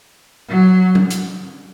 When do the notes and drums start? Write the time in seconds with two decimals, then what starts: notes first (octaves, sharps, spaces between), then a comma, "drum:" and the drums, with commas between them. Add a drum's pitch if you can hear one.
0.49 F#3
0.95 drum: tom F#3
1.11 drum: hi-hat